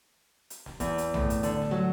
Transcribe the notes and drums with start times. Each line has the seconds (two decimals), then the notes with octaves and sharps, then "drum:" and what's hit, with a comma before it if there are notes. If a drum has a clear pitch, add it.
0.50 drum: hi-hat
0.66 drum: snare
0.80 E2, drum: kick F#1, hi-hat
0.98 drum: hi-hat
1.14 A2, drum: tom B1
1.30 drum: hi-hat
1.43 D3, drum: hi-hat
1.62 drum: snare
1.71 F#3